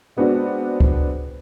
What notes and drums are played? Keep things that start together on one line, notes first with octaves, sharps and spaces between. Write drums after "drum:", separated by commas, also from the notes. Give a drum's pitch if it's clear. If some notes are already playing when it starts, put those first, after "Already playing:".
G#3 B3 C4 D4 F#4
drum: kick C#2